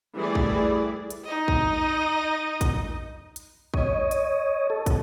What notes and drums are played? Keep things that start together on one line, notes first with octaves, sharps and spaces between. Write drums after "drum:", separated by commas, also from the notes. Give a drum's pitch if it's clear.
E3 G3 A3 E4 G#4 D5
drum: kick
drum: hi-hat
D#4 D#5
drum: kick
drum: kick, hi-hat
drum: hi-hat
C#5 D#5, drum: kick
drum: hi-hat
A4
drum: kick, hi-hat